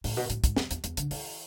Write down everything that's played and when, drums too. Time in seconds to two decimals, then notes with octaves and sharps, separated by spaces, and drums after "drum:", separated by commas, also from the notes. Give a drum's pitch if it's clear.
0.04 A2, drum: open hi-hat
0.17 B2
0.30 A2, drum: hi-hat
0.44 G#2, drum: kick, hi-hat
0.56 F2, drum: snare
0.71 E2, drum: hi-hat
0.84 E2, drum: hi-hat
0.97 D3, drum: hi-hat
1.11 E3, drum: open hi-hat